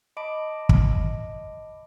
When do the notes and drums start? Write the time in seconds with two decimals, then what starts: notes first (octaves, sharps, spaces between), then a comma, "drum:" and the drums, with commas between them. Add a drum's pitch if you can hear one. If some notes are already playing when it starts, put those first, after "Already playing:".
0.17 D#5 A5 B5 D6 D7
0.69 drum: kick